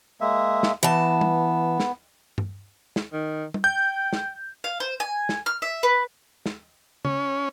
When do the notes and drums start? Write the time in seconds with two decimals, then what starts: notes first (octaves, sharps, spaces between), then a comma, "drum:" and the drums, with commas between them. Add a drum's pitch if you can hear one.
0.21 G#3 A#3 E5
0.63 drum: snare
0.83 E3 B3 A5
1.21 drum: tom
1.80 drum: snare
2.38 drum: tom G2
2.96 drum: snare
3.13 D#3
3.54 drum: tom
3.64 G5 G6
4.13 drum: snare
4.64 F5
4.80 C5
5.00 G#5
5.29 drum: snare
5.46 F6
5.62 E5
5.83 B4
6.46 drum: snare
7.05 C#4, drum: tom C#3